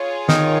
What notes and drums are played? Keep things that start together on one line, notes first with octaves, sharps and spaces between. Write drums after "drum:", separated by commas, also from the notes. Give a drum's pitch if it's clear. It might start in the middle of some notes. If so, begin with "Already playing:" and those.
Already playing: F4 G#4 C#5
D#3, drum: snare